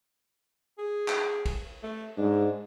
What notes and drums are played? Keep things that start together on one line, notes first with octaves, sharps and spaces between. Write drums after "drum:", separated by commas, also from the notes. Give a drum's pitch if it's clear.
G#4
drum: clap
drum: kick, cymbal
A3
G#2 D4